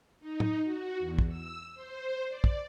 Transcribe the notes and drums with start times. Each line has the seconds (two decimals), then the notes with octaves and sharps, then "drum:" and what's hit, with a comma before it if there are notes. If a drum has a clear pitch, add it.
0.20 D#4
0.40 drum: tom
0.63 F#4
0.99 E2
1.18 drum: kick
1.28 E6
1.74 C5
2.28 D5
2.44 drum: kick